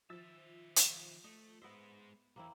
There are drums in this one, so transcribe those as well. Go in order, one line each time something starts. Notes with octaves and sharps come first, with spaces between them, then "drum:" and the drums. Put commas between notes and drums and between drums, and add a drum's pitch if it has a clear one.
D#3 F3 E5 E6 A6
drum: hi-hat
A3 D#5
G#3 B3 C5 D#5 E5
B1 E2 A#3 C4 E4